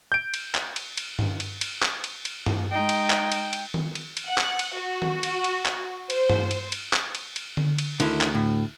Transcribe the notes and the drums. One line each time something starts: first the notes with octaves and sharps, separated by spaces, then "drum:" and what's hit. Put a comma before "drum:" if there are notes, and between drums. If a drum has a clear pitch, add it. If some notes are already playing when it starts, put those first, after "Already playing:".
G6 D7
drum: cymbal
drum: clap
drum: cymbal
drum: cymbal
drum: tom G2
drum: cymbal
drum: cymbal
drum: clap
drum: cymbal
drum: cymbal
drum: tom G2
G#3 D#4 G5
drum: cymbal
drum: clap
drum: cymbal
drum: cymbal
drum: tom D#3
drum: cymbal
drum: cymbal
F#5
drum: clap
drum: cymbal
F#4
drum: tom D#3
drum: cymbal
drum: cymbal
drum: clap
C5, drum: cymbal
drum: tom G2
drum: cymbal
drum: cymbal
drum: clap
drum: cymbal
drum: cymbal
drum: tom D3
drum: cymbal
D2 D3 D#3 E4, drum: cymbal
drum: clap
A2